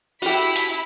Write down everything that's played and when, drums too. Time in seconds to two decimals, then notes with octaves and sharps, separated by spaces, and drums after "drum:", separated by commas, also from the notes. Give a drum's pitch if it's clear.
0.22 E4 F#4 G4 B5, drum: cymbal
0.56 drum: hi-hat